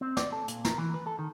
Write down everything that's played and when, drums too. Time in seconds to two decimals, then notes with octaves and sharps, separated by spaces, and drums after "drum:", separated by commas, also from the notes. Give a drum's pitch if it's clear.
0.01 C4
0.17 D5, drum: snare
0.32 A4
0.48 A#2, drum: hi-hat
0.65 A#4, drum: snare
0.78 E3
0.94 B4
1.07 A4
1.19 D#3